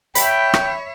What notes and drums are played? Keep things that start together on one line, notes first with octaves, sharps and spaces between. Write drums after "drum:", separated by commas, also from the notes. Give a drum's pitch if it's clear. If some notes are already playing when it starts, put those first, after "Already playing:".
C#5 E5 G5 B5, drum: hi-hat
drum: rim click